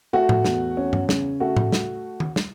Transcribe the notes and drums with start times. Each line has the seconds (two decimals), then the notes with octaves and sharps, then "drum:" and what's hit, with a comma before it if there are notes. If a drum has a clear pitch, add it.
0.13 A3 F#4
0.29 drum: tom A2
0.45 E2, drum: snare
0.77 C#4
0.93 drum: tom G2
1.09 C#3, drum: snare
1.40 A3 F#4
1.57 drum: tom A2
1.72 drum: snare
2.20 drum: tom
2.36 drum: snare